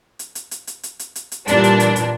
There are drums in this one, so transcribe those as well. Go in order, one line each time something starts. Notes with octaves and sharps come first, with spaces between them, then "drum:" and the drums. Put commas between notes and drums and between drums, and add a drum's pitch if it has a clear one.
drum: hi-hat
drum: hi-hat
drum: hi-hat
drum: hi-hat
drum: hi-hat
drum: hi-hat
drum: hi-hat
drum: hi-hat
A#2 E3 G3 D4, drum: hi-hat
drum: hi-hat
drum: hi-hat
drum: hi-hat